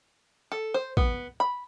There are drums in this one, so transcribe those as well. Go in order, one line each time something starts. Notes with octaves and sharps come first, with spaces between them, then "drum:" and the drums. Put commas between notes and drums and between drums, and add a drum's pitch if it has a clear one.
A4
C5
B3, drum: kick
B5